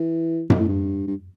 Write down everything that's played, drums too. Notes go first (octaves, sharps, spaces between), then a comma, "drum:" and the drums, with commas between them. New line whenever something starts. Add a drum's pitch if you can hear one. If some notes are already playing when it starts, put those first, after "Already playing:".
Already playing: E3
F#2, drum: tom F#2
A2
G2
G2